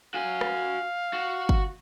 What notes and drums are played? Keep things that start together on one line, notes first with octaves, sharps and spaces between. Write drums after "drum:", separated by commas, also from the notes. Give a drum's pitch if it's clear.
F#4 F5 G#5
drum: rim click
F#4
drum: kick G1